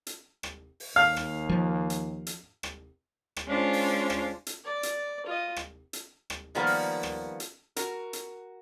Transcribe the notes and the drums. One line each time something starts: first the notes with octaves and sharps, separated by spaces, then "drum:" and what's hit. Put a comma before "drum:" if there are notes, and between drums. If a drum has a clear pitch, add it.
drum: hi-hat
drum: rim click
drum: open hi-hat
D#2 F5
drum: rim click
F3
drum: hi-hat
drum: hi-hat
drum: rim click
drum: rim click
G#3 C#4 D4 F4 C5
drum: open hi-hat
drum: rim click
drum: hi-hat
D5
drum: hi-hat
F4 D#5
drum: rim click
drum: hi-hat
drum: rim click
D#3 F3 G3 A#3 B3
drum: open hi-hat
drum: rim click
drum: hi-hat
F#4 A#4, drum: hi-hat
drum: hi-hat